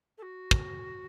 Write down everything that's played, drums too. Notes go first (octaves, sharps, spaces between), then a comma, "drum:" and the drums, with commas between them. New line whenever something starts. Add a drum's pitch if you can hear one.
A4
F#4
drum: kick